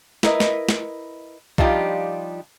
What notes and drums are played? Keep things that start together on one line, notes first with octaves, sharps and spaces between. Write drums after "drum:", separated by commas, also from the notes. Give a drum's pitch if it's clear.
E4 A#4 B4 D#5, drum: snare
drum: snare
drum: snare
F3 G3 D4 D#4 F4 G4, drum: kick B1